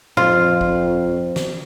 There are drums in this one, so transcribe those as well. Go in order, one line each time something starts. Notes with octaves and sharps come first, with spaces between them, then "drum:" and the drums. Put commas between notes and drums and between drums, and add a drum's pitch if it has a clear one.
F2 F4 C5, drum: tom A2
drum: kick
drum: snare